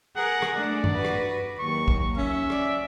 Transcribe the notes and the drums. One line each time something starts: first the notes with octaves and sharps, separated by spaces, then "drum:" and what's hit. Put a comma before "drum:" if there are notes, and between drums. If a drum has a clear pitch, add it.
G#4 A#4 F#5
drum: rim click
A3 D4 D5
drum: tom G2
F#4 B4
drum: rim click
D#2 F#3 A#3 C#6
drum: kick
C#4 E5
D5, drum: rim click